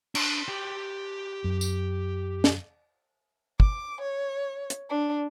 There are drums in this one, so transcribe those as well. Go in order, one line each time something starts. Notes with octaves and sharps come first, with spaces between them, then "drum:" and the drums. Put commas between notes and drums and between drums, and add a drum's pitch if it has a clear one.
D4, drum: cymbal
G4 G5
F#2
drum: tambourine
drum: snare
D6, drum: kick
C#5
drum: hi-hat
D4